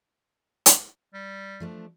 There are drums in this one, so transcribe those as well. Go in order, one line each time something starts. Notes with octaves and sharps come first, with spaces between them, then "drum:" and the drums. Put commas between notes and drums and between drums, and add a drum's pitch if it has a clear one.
drum: hi-hat
G3
F3 A3 D4